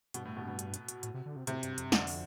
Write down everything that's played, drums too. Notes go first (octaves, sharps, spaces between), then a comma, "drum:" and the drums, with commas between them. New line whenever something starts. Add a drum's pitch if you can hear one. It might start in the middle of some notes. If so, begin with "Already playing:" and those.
G2 B2, drum: hi-hat
A2
B2
B2
drum: hi-hat
drum: hi-hat
drum: hi-hat
A2, drum: hi-hat
C3
D3
C3
A2 C3, drum: hi-hat
G2, drum: hi-hat
F2, drum: hi-hat
G2
F2 D3, drum: snare
drum: open hi-hat